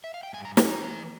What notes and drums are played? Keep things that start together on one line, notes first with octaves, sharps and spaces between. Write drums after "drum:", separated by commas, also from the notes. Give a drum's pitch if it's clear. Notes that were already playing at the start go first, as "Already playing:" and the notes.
E5
F5
G5
G2 G#5
A#5
C#4 G#5, drum: snare
A#5
E3